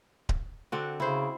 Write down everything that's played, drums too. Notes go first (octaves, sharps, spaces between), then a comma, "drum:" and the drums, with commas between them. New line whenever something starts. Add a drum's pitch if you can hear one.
drum: kick D1
D3 C4 F#4
C#3 E4 C5